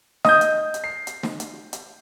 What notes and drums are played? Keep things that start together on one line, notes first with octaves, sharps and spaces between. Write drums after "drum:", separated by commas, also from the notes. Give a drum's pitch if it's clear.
D#5 D#6 G6, drum: snare
drum: hi-hat
drum: hi-hat
C7
drum: hi-hat
drum: snare
drum: hi-hat
drum: hi-hat